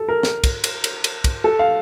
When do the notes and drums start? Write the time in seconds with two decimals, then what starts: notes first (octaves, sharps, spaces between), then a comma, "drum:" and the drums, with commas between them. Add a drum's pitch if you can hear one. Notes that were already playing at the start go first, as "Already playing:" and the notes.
Already playing: A4
0.08 A#4
0.23 drum: snare
0.44 drum: kick, cymbal
0.64 drum: cymbal
0.84 drum: cymbal
1.04 drum: cymbal
1.24 drum: kick, cymbal
1.44 A4
1.59 F5